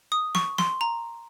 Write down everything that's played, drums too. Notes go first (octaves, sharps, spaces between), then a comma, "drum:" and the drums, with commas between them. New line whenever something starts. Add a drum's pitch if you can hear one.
D#6
C#6, drum: snare
C6, drum: snare
A#5